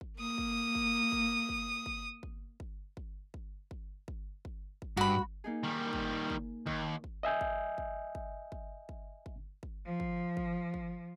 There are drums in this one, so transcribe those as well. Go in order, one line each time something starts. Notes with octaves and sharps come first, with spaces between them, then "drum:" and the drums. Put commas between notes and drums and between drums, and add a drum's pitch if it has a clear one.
drum: kick
A#3 D#6
drum: kick
drum: kick
drum: kick
drum: kick
drum: kick
drum: kick
drum: kick
drum: kick
drum: kick
drum: kick
drum: kick
drum: kick
drum: kick
G2 F#4 B5
drum: kick
A#3 D#4 G#4
D#3 G3
drum: kick
drum: kick
D#2, drum: kick
drum: kick
D#5 E5 G#5 G6
drum: kick
drum: kick
drum: kick
drum: kick
drum: kick
drum: kick
drum: kick
F3
drum: kick
drum: kick
drum: kick